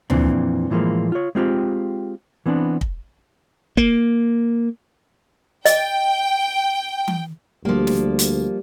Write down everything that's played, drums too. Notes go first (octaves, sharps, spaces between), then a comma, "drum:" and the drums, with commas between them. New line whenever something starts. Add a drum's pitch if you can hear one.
F2 A#2 E3 C4 D4, drum: tom D2
A2 E3 F3 G#3 A#3
F4 C#5
G#3 C4 F4 G4
E3 B3 C4 D4
drum: kick
A#3, drum: kick
D#5 G5, drum: hi-hat
drum: tom E3
D2 F3 G3 A#3
drum: snare
drum: hi-hat